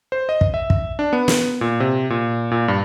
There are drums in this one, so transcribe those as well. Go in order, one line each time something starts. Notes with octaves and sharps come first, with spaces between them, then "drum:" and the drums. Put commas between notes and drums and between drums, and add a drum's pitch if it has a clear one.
C5
D#5
drum: kick
E5
drum: kick
D4
B3
drum: snare
A#2
C3
A#2
A#2
G2